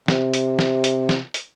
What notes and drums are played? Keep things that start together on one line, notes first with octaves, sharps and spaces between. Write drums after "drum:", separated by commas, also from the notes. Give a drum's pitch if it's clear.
C3, drum: snare
drum: hi-hat
drum: snare
drum: hi-hat
drum: snare
drum: hi-hat